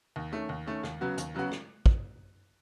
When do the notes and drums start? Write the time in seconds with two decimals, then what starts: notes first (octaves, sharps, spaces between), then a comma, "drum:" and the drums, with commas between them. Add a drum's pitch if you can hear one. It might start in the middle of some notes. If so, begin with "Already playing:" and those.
0.16 D#2
0.32 D#3 A3 C#4
0.49 D#2
0.67 D#3 A3 C#4
0.83 D#2, drum: rim click
1.01 C#3 F#3 B3 F#4
1.18 D#2, drum: hi-hat
1.34 C#3 F#3 B3 F#4
1.52 drum: rim click
1.86 drum: kick